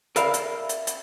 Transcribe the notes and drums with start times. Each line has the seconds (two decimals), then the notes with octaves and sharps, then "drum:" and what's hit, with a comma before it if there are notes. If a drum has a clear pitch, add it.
0.16 A#4 D5 E5 F5 B5, drum: hi-hat
0.34 drum: hi-hat
0.69 drum: hi-hat
0.87 drum: hi-hat